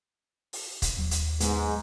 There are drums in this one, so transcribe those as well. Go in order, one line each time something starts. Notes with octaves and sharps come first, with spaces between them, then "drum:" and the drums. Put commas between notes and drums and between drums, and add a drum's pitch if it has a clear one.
drum: open hi-hat
drum: kick C#1, hi-hat
D#2 F#3
drum: hi-hat
G#2 G#3 B3, drum: hi-hat